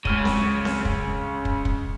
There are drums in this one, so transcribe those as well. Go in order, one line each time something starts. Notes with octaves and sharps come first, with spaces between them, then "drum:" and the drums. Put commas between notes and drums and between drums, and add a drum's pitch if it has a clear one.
C#2 C#3 F6 D#7, drum: kick
drum: snare C4
drum: snare C4
drum: kick
drum: kick
drum: kick